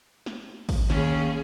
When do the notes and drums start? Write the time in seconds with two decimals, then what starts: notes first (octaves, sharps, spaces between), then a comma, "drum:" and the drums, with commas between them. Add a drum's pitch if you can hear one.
0.26 drum: snare
0.69 drum: kick, open hi-hat
0.90 D#2 C#4 G#4, drum: snare